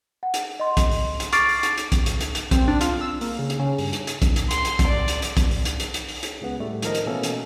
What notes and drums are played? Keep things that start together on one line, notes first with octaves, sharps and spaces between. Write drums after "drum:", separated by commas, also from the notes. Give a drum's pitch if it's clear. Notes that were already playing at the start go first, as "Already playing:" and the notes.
F#5
drum: hi-hat
D#5 C6
drum: kick, hi-hat
drum: open hi-hat
drum: hi-hat
C#6 D6 F6 A6 C7 D7, drum: hi-hat
drum: open hi-hat
drum: hi-hat
drum: hi-hat
drum: kick, hi-hat
drum: hi-hat
drum: hi-hat
drum: hi-hat
C4, drum: kick, hi-hat
D4
F4, drum: hi-hat
E6
A#3, drum: open hi-hat
C#3
drum: hi-hat
C#3
G2, drum: open hi-hat
drum: hi-hat
drum: hi-hat
drum: kick, hi-hat
drum: hi-hat
C6, drum: hi-hat
drum: hi-hat
drum: kick, hi-hat
D5
drum: hi-hat
drum: hi-hat
drum: kick, hi-hat
drum: open hi-hat
drum: hi-hat
drum: hi-hat
drum: hi-hat
drum: open hi-hat
drum: hi-hat
C#2 C#3 B3
A2 G3 A3
D#3 F3 A#4 D#5, drum: hi-hat
drum: hi-hat
B2 E3 A3 A#3 C#4 A4
drum: hi-hat